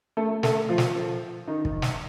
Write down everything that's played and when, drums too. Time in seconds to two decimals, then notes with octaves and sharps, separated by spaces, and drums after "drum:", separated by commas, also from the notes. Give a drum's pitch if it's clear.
0.17 A3 A4
0.43 A3 A4, drum: snare
0.69 F3 F4
0.78 drum: snare
0.95 F3 F4
1.47 D#3 D#4
1.65 drum: kick
1.82 drum: snare